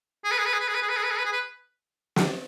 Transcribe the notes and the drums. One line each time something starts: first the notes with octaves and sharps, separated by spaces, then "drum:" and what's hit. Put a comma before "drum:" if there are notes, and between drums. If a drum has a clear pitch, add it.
G#4
B4
G#4
B4
G#4
B4
G#4
B4
G#4
B4
G#4
B4
G#4
B4
G#4
B4
drum: snare